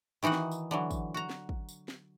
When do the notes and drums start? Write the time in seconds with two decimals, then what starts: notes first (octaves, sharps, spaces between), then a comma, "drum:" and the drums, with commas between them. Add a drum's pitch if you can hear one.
0.23 D#3 E3 D#4 F#4 F#5
0.32 drum: snare
0.51 drum: tambourine
0.71 D3 E3 F#3
0.90 drum: kick, tambourine
1.14 F#4 A#5
1.30 drum: snare
1.49 drum: kick
1.69 drum: tambourine
1.88 drum: snare